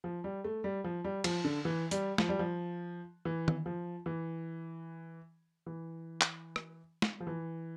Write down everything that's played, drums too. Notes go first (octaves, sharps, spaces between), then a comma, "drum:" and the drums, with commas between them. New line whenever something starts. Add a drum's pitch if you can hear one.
F3
G3
A3
G3
F3
G3
F3, drum: cymbal
D3
E3
G3, drum: hi-hat
F3, drum: snare
G3
F3
E3
drum: tom D#3
F3
E3
E3
drum: clap
drum: rim click
drum: snare
F3
E3